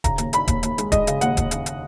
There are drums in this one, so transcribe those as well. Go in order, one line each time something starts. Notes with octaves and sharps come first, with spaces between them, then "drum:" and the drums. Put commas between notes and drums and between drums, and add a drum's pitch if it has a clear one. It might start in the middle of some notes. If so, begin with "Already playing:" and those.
C#3 A#5, drum: kick D#1, hi-hat
D#2, drum: hi-hat
C#3 B5, drum: hi-hat
D#2, drum: kick D#1, hi-hat
D#2, drum: hi-hat
G#3, drum: hi-hat
G#3 D#5, drum: kick D#1, hi-hat
C#3, drum: hi-hat
D#2 F#5, drum: hi-hat
D#2, drum: kick D#1, hi-hat
C#3, drum: hi-hat
drum: hi-hat